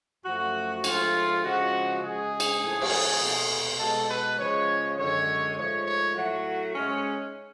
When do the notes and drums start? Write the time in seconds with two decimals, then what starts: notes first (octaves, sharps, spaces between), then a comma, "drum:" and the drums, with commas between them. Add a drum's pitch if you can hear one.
0.25 F#2 F3 A3 F#4
0.84 G#2 F3 A3 F4, drum: cymbal
1.43 C#3 F3 G#3 F#4
2.02 C#3 G#3 G#4
2.40 drum: cymbal
2.62 A2 F3 A3
2.81 drum: cymbal
3.20 B2 A3
3.79 B2 G#3 A4
4.10 B4
4.38 C#3 F3 G#3 C#5
4.98 F#2 D3 G#3 C#5
5.57 G#2 F3 A3 C#5
5.86 C#5
6.16 A2 F#3 A3 F#4
6.75 G#2 G#3 C#4